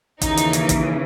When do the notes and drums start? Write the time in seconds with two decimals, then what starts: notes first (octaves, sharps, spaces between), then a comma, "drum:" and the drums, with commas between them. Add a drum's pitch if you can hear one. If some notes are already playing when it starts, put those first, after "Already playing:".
0.21 D#2 C#3 E3 D#4, drum: kick, hi-hat
0.37 drum: hi-hat
0.53 drum: hi-hat
0.69 drum: kick, hi-hat